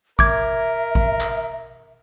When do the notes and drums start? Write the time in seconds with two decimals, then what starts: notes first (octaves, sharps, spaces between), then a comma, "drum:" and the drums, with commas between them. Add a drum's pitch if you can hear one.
0.19 A#4 E5 D6 G#6, drum: kick
0.95 drum: kick
1.21 drum: clap